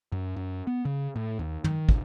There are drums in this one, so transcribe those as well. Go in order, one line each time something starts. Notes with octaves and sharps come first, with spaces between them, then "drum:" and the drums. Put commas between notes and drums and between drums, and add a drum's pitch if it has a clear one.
F#2
F#2
B3
C#3
A2
D#2
D#3, drum: tom
D1, drum: kick